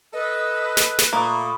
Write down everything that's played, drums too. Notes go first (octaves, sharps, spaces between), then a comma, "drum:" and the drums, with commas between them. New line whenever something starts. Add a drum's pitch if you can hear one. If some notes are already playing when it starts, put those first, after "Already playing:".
A4 B4 D#5
drum: snare
drum: snare
A#2 A3 A#3 B5 C#6 D#6